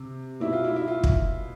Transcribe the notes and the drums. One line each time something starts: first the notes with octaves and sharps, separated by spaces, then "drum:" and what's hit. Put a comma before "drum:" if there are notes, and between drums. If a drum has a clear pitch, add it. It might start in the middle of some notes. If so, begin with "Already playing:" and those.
Already playing: C3
B2 E4
F4
E4
E4
F4
drum: kick